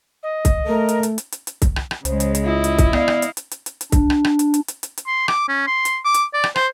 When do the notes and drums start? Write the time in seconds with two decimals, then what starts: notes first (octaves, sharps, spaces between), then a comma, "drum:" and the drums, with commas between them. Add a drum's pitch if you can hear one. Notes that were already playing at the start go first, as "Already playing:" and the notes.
0.23 D#5
0.45 drum: kick C2, hi-hat
0.67 A3 A#4
0.89 drum: hi-hat
1.03 drum: hi-hat
1.18 drum: hi-hat
1.32 drum: hi-hat
1.47 drum: hi-hat
1.62 drum: kick C2, hi-hat
1.76 drum: rim click
1.91 drum: rim click
2.05 C#2 C#3 G#3 C5, drum: hi-hat
2.20 drum: hi-hat
2.35 drum: hi-hat
2.44 E4 F4 D#5
2.64 drum: hi-hat
2.78 drum: kick C2, hi-hat
2.93 B3 D5 F5, drum: rim click
3.08 drum: rim click
3.22 drum: hi-hat
3.37 drum: hi-hat
3.51 drum: hi-hat
3.66 drum: hi-hat
3.81 drum: hi-hat
3.92 D4, drum: kick C2, hi-hat
4.10 drum: rim click
4.24 drum: rim click
4.39 drum: hi-hat
4.54 drum: hi-hat
4.68 drum: hi-hat
4.83 drum: hi-hat
4.98 drum: hi-hat
5.07 C6
5.28 D6, drum: rim click
5.48 C#4
5.67 C6
5.85 drum: hi-hat
6.05 D6
6.14 drum: hi-hat
6.34 D5
6.44 drum: rim click
6.56 C5, drum: rim click